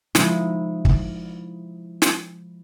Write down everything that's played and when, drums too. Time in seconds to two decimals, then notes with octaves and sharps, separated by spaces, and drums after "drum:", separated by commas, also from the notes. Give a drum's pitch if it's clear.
0.15 F3 G#3 D#4 E4, drum: snare
0.85 drum: kick
2.02 drum: snare